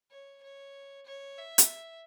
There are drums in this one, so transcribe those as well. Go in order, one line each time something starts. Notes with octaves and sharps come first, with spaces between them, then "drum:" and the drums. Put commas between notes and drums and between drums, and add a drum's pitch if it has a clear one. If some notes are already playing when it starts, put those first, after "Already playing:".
C#5
C#5
C#5
E5
drum: hi-hat